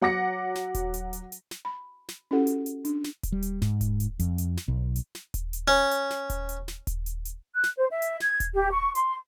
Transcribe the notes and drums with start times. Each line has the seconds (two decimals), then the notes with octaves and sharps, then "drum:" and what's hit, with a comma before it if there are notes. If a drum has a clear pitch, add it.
0.02 F#3 F#5 D6 A#6 C#7
0.55 drum: snare
0.75 drum: kick D#1, hi-hat
0.94 drum: hi-hat
1.13 drum: hi-hat
1.32 drum: hi-hat
1.51 drum: snare
1.65 B5
2.08 drum: snare
2.31 C#4 E4 F#4 G4 A4 F#5
2.47 drum: hi-hat
2.66 drum: hi-hat
2.85 D4, drum: hi-hat
3.04 drum: snare
3.23 drum: kick D#1, hi-hat
3.32 G3
3.42 drum: hi-hat
3.62 G#2, drum: snare
3.81 drum: kick D#1, hi-hat
4.00 drum: hi-hat
4.19 F2, drum: hi-hat
4.38 drum: hi-hat
4.57 drum: snare
4.68 B1
4.96 drum: hi-hat
5.15 drum: snare
5.34 drum: kick D#1, hi-hat
5.53 drum: hi-hat
5.68 C#4
5.91 drum: hi-hat
6.10 drum: snare
6.30 drum: kick D#1, hi-hat
6.49 drum: hi-hat
6.68 drum: snare
6.87 drum: kick D#1, hi-hat
7.06 drum: hi-hat
7.25 drum: hi-hat
7.54 F#6
7.64 drum: snare
7.77 C5
7.90 E5
8.02 drum: hi-hat
8.20 G#6, drum: snare
8.40 drum: kick D#1, hi-hat
8.54 G4
8.72 C#6
8.95 C6, drum: hi-hat